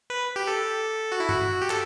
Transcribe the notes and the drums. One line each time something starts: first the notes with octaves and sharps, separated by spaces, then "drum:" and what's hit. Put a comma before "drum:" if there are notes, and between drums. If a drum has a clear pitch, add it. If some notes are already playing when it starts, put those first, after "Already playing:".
B4
G4
A4
F#4
E4
F#4, drum: tom G2
G4
A4, drum: clap